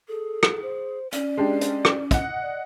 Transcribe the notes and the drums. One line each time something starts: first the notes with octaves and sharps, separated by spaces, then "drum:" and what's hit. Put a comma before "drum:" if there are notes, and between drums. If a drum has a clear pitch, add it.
G#4 A4
drum: rim click
C5
C#4 D5, drum: hi-hat
G#3 D4 G4
drum: hi-hat
drum: rim click
D#5 F#5, drum: kick, hi-hat
D5